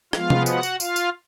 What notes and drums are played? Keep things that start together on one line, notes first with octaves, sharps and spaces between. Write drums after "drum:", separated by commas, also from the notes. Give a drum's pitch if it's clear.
F3 G#3 B3 F4 F5, drum: rim click
drum: tom C3
F#4 F#5, drum: tambourine
drum: tambourine
F4 F5, drum: tambourine
drum: tambourine